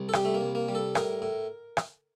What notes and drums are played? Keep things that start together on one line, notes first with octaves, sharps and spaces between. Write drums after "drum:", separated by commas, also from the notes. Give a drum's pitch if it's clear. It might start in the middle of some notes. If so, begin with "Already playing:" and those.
Already playing: C2
A4
G3 G4, drum: rim click
A3
A#3
C2
A#3
G3
A4
A2 A#4, drum: rim click
A2
drum: rim click